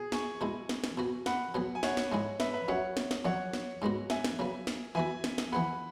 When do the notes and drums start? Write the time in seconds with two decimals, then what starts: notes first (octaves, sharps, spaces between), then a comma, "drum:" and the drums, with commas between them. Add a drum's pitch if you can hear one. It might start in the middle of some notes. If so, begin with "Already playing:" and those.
Already playing: B2 G#4
0.12 G#5 C#6, drum: snare
0.41 B2 G#3 E4
0.69 drum: snare
0.84 drum: snare
0.98 B2 B3 F#4
1.26 F#5 B5, drum: snare
1.54 B2 F#3 B3 G#4
1.75 G#5
1.83 C#5 F#5, drum: snare
1.97 drum: snare
2.12 G#2 G#3 E4 G#4
2.40 B4 E5, drum: snare
2.53 B4 E5
2.68 F#2 F#3 C#4 C#5 F#5
2.97 drum: snare
3.11 drum: snare
3.25 F#2 F#3 C#4 C#5 F#5
3.53 drum: snare
3.82 G#2 G#3 B3 F#4
4.10 E5 G#5, drum: snare
4.24 drum: snare
4.39 C#3 F#3 B3
4.67 drum: snare
4.95 E3 B3 F#4 E5 G#5
5.24 drum: snare
5.38 drum: snare
5.52 E3 B3 G#4 F#5 B5